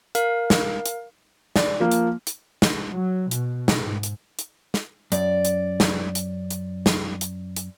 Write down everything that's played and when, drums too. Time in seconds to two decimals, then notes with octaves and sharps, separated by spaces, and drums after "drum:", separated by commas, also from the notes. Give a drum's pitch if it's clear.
0.15 A#4 F5, drum: hi-hat
0.50 drum: snare
0.86 drum: hi-hat
1.56 D5, drum: snare
1.80 F3 A#3
1.91 drum: hi-hat
2.27 drum: hi-hat
2.62 drum: snare
2.92 F#3
3.31 B2, drum: hi-hat
3.68 drum: snare
3.79 G#2
4.03 drum: hi-hat
4.39 drum: hi-hat
4.74 drum: snare
5.12 F#2 D5, drum: hi-hat
5.45 drum: hi-hat
5.80 drum: snare
6.15 drum: hi-hat
6.51 drum: hi-hat
6.86 drum: snare
7.21 drum: hi-hat
7.56 drum: hi-hat